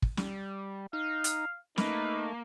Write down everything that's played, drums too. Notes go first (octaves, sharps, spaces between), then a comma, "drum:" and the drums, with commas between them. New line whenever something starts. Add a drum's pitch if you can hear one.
drum: kick
G3, drum: snare
D#4 F5
drum: hi-hat
A3 A#3 D#4 B4, drum: snare